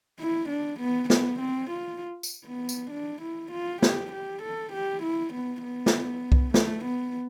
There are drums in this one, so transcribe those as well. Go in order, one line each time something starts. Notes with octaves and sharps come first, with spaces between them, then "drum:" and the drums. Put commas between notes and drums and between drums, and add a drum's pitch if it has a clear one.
E4
D4
B3
B3, drum: snare
C4
F4
drum: tambourine
B3
drum: tambourine
D4
E4
F4
G4, drum: snare
G4
A4
G4
E4
B3
B3
drum: snare
drum: kick C2
A3, drum: snare
B3